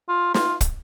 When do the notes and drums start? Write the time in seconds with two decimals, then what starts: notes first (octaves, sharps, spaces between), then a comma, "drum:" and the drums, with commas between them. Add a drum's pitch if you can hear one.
0.09 F4
0.34 F4, drum: snare
0.61 drum: kick, hi-hat